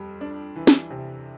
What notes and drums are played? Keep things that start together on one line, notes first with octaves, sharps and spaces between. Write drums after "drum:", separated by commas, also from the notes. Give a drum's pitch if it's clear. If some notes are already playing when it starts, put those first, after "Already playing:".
Already playing: F2 G3
D4
E3
drum: snare
C3